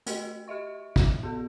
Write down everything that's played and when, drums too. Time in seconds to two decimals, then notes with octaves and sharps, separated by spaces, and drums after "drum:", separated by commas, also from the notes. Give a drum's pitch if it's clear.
0.06 A3 F#4 G4 A#4 D#5, drum: hi-hat
0.48 G4 D#5 E5 C#6
0.96 drum: kick
1.23 B3 F#4 A4